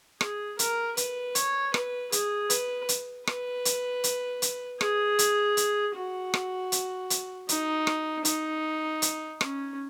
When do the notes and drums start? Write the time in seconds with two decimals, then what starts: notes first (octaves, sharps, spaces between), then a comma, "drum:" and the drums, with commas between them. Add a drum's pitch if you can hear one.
0.21 G#4, drum: rim click
0.59 A#4, drum: hi-hat
0.97 B4, drum: hi-hat
1.35 C#5, drum: hi-hat
1.74 B4, drum: rim click
2.12 G#4, drum: hi-hat
2.50 B4, drum: hi-hat
2.89 drum: hi-hat
3.27 B4, drum: rim click
3.65 drum: hi-hat
4.04 drum: hi-hat
4.42 drum: hi-hat
4.81 G#4, drum: rim click
5.19 drum: hi-hat
5.57 drum: hi-hat
5.95 F#4
6.34 drum: rim click
6.72 drum: hi-hat
7.10 drum: hi-hat
7.49 D#4, drum: hi-hat
7.87 drum: rim click
8.25 D#4, drum: hi-hat
9.02 drum: hi-hat
9.41 C#4, drum: rim click